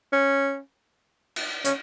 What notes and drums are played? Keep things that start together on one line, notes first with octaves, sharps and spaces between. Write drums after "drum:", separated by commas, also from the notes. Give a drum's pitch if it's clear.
C#4
drum: cymbal
C#4, drum: hi-hat